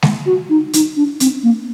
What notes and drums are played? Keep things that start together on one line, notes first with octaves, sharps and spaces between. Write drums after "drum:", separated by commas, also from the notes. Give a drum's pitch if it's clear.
drum: snare G#3
F#4
D#4
D#4, drum: hi-hat
D4
C4, drum: hi-hat
A#3